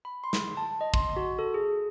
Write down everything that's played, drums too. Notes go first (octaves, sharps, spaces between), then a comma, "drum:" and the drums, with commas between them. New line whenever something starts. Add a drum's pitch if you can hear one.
B5
C6
drum: snare
A5
D#5
C6, drum: kick
F#4
A4
G#4